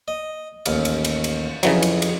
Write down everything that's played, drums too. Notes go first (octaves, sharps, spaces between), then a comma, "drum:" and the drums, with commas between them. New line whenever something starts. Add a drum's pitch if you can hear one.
D#5
A1 D#2 F5, drum: cymbal
drum: cymbal
drum: cymbal
drum: cymbal
F2 C#3 E3 F#3 G#4, drum: cymbal
drum: cymbal
drum: cymbal